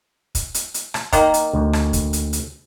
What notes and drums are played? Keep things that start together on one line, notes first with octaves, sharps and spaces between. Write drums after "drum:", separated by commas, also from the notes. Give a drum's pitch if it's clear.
drum: kick, hi-hat
drum: hi-hat
drum: hi-hat
drum: rim click
D#3 A#3, drum: kick, hi-hat
drum: hi-hat
D2
drum: rim click
drum: kick, hi-hat
drum: hi-hat
drum: hi-hat